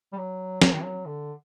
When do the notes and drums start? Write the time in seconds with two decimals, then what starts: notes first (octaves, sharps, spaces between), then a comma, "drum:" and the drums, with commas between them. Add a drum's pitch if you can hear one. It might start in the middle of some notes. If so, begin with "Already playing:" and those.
0.13 G3
0.18 F#3
0.62 F#3, drum: snare
0.73 D#3
0.84 F#3
1.06 D3